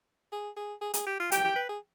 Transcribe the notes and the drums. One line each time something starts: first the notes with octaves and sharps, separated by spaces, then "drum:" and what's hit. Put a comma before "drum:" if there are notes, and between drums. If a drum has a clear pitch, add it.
G#4
G#4
G#4
G#4, drum: hi-hat
G4
F4
G4 G5, drum: hi-hat
G4
B4
G#4